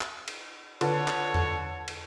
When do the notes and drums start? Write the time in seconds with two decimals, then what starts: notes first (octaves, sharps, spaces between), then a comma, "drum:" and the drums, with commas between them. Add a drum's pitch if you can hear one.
0.01 drum: clap
0.28 drum: cymbal
0.81 D3 F4 B4 C#5 A5, drum: cymbal
1.08 drum: clap
1.34 drum: tom E2
1.88 drum: cymbal